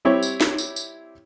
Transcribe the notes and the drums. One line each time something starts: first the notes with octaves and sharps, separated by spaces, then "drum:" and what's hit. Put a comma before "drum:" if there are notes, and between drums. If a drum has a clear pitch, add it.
G3 C4 E4 G4 C#5
drum: tambourine
drum: snare
drum: tambourine
drum: tambourine